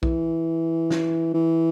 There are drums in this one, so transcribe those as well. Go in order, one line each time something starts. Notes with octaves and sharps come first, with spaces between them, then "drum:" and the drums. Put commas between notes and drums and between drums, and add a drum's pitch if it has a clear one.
E3, drum: kick B1
drum: snare
E3